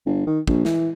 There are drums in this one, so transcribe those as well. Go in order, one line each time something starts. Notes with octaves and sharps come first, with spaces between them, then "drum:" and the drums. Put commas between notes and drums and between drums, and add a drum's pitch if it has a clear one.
G1
D#3
A#1, drum: kick
E3, drum: snare